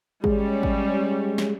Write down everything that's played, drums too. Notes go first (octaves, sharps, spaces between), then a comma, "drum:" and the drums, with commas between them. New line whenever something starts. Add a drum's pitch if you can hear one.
G3 G#3 C#4, drum: kick G#1
drum: kick G#1
drum: snare